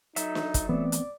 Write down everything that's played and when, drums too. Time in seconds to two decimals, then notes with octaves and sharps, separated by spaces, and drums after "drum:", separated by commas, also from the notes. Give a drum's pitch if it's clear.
0.16 F#3 D#4 A4 E5, drum: hi-hat
0.35 drum: snare
0.54 drum: kick, hi-hat
0.69 E3 A3 B3 C4 D5
0.92 drum: hi-hat